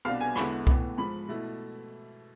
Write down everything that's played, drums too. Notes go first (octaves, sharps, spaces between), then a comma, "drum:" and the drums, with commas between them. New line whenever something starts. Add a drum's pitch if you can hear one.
C2 B2 B3 D4 F5
G#5
E2 D3 G#3 B3 E4 B5, drum: rim click
A2 E3 B3, drum: kick C2
G#2 F3 G#3 B5
B2 A3 E4